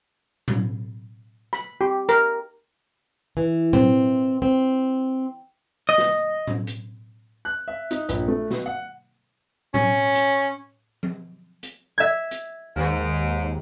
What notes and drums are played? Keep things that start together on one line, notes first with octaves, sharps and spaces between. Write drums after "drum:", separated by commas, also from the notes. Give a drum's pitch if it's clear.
drum: tom A2
B5, drum: rim click
G4
A#4, drum: hi-hat
E3
C4, drum: tom A2
C4
D#5
drum: snare
drum: tom A2
drum: hi-hat
F#6
E5
D#4, drum: hi-hat
A#1, drum: hi-hat
A3
B2, drum: snare
F#5
C#4, drum: tom A2
drum: hi-hat
drum: tom F3
drum: hi-hat
E5 G#6
drum: hi-hat
D#2 G#2